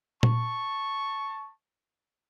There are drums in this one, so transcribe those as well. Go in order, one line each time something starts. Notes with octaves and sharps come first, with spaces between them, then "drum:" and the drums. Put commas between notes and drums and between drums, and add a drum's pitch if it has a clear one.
A5 C#6, drum: tom A#2